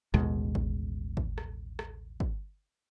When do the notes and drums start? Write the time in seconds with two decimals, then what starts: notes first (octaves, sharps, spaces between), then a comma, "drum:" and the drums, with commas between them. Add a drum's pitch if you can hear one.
0.14 A1 D#2 B2 G#3, drum: rim click
0.55 drum: kick
1.17 drum: kick
1.38 drum: rim click
1.79 drum: rim click
2.20 drum: kick